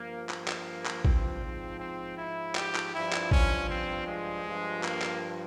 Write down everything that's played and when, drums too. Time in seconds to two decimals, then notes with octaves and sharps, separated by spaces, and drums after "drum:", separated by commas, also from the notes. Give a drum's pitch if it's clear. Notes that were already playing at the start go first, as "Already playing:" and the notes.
Already playing: G2 F3 A#3
0.29 A#3, drum: clap
0.48 drum: clap
0.86 drum: clap
1.05 C4, drum: kick
1.43 G#2 F3
1.80 C4
2.17 E4
2.55 G4, drum: clap
2.75 drum: clap
2.94 G2 F3 E4
3.13 drum: clap
3.31 C#4, drum: kick
3.69 C4
4.07 G#3
4.45 G2 F3
4.83 A#3, drum: clap
5.02 drum: clap